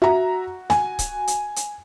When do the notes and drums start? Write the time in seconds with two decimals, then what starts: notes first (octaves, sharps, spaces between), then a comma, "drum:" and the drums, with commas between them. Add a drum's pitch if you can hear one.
0.02 F#4 E5 A#5
0.70 G#5, drum: snare
0.99 drum: kick C#1, hi-hat
1.27 drum: hi-hat
1.56 drum: hi-hat